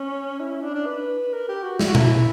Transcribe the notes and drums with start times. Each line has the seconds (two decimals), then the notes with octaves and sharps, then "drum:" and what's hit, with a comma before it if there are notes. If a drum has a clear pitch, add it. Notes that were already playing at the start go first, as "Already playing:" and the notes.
Already playing: C#4
0.40 E4
0.51 E4
0.62 D4
0.74 D4
0.86 B4
1.33 A#4
1.48 G4
1.63 F#4
1.79 E4, drum: snare
1.87 F#4
1.95 E4, drum: tom A#2